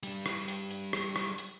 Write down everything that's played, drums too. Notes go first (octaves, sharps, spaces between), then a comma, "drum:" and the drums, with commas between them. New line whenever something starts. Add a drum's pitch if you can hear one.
G3 D4, drum: hi-hat
drum: rim click
drum: hi-hat
drum: hi-hat
drum: rim click
drum: rim click
drum: hi-hat